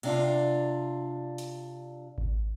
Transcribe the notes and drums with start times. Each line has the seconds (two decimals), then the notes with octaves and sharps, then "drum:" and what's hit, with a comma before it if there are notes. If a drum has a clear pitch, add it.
0.03 C3 D4 F4, drum: cymbal
1.38 drum: hi-hat
2.18 drum: kick G#1